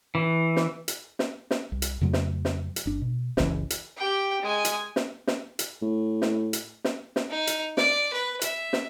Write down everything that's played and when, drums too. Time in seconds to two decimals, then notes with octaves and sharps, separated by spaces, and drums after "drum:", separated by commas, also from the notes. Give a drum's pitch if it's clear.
0.15 E3
0.56 drum: snare
0.88 drum: hi-hat
1.19 drum: snare
1.51 drum: snare
1.72 C2
1.82 drum: hi-hat
2.01 F2 C#3 F#3 A3
2.13 drum: snare
2.45 drum: snare
2.76 drum: hi-hat
2.86 G1 D4
3.01 B2
3.37 F#1 C#2 E3, drum: snare
3.70 drum: hi-hat
3.98 G4 G5
4.42 G#3 G#5
4.65 drum: hi-hat
4.96 drum: snare
5.27 drum: snare
5.59 drum: hi-hat
5.82 A2
6.22 drum: snare
6.53 drum: hi-hat
6.84 drum: snare
7.16 drum: snare
7.30 D#4
7.47 drum: hi-hat
7.77 D5, drum: snare
8.13 B4
8.41 E5, drum: hi-hat
8.73 drum: snare